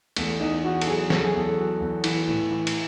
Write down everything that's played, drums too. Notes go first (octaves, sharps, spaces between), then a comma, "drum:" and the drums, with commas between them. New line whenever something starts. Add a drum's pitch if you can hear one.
E2 A3, drum: cymbal
E2 D#4
E2 F#4
A4, drum: cymbal
F#3 G#4
F#3 A4, drum: snare
G#4
E2 A4
F#3
E2
E3, drum: cymbal
A2
E3
drum: cymbal